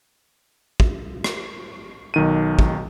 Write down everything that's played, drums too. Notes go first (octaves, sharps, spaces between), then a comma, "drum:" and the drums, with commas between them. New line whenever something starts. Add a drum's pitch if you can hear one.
drum: kick
drum: rim click
B1 D#3 D#7
drum: kick